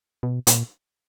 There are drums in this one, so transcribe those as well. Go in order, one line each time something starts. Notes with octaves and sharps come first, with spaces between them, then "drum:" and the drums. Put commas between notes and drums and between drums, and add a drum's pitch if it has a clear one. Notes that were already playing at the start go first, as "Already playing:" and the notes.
B2
A#2, drum: hi-hat